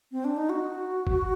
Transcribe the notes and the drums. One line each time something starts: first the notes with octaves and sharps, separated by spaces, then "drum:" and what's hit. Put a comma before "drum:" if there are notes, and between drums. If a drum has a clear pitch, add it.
C4
D4
D#4
F#4
drum: kick